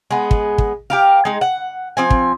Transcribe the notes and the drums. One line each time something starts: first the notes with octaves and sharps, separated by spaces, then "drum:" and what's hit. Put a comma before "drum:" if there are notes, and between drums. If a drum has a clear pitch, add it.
G#3 B3
drum: kick
drum: kick
G4 A#4 F5
G#3 D#4
F#5
F3 C4 G#5
drum: kick